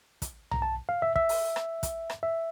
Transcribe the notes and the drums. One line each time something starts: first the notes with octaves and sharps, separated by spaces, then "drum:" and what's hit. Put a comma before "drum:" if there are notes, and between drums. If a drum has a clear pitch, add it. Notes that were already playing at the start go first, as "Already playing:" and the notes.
drum: kick, hi-hat
A#5, drum: tom
A5
F5
E5
E5, drum: kick
drum: open hi-hat
drum: rim click
drum: kick, hi-hat
drum: rim click
E5